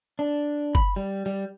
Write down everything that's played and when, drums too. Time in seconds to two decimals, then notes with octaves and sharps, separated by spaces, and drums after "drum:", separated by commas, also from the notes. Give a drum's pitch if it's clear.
0.19 D4
0.75 B5, drum: kick F#1
0.96 G3
1.26 G3